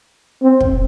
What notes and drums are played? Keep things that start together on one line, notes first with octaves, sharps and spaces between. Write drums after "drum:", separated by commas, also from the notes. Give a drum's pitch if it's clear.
C4
drum: kick